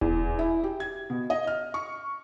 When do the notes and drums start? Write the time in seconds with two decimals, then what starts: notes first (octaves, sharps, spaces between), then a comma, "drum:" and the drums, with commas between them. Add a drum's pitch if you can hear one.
0.01 E2, drum: kick D#1
0.39 E4
0.64 G4
0.80 G#6
1.10 B2
1.30 D#5
1.47 F6
1.74 C#6